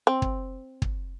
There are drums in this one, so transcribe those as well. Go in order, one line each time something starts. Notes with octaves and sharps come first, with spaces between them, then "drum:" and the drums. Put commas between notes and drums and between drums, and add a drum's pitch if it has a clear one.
C4
drum: kick
drum: kick